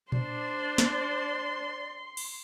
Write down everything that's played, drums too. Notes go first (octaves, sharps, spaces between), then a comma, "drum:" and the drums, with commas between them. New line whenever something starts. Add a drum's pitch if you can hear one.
D4 C5 D5 C6, drum: tom A#2
drum: snare
drum: cymbal